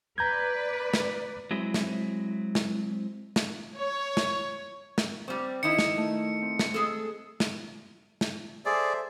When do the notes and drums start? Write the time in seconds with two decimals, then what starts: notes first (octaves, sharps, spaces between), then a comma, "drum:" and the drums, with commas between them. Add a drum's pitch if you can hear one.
0.18 B4 D5 A#5 G6 G#6
0.94 drum: snare
1.51 F#3 G#3 C4 E4
1.74 drum: snare
2.55 drum: snare
3.36 drum: snare
3.76 C#5
4.17 drum: snare
4.98 drum: snare
5.28 G3 C4 C#6 F6
5.63 D#3 D#4 E4 C#7
5.79 drum: snare
5.97 A3
6.42 C4
6.59 drum: snare
6.74 G#3 G#4 A4
7.40 drum: snare
8.21 drum: snare
8.66 G#4 A4 C5 D5 E5